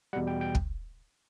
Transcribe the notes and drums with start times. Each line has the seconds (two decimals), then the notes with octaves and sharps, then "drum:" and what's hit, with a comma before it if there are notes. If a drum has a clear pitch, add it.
0.13 E2 B2 G3 F#5
0.27 G5
0.41 G5
0.55 drum: kick